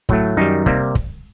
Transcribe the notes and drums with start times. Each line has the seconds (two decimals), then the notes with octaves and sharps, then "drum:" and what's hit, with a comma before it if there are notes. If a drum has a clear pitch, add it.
0.09 A2 F#3 A3, drum: kick
0.37 F#2 D#3 G3 D#4
0.66 C3 G3 A#3, drum: kick
0.95 drum: kick